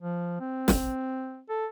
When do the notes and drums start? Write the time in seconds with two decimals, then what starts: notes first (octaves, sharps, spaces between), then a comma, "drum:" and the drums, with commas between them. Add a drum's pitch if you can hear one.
0.02 F3
0.40 C4
0.68 drum: snare
1.50 A4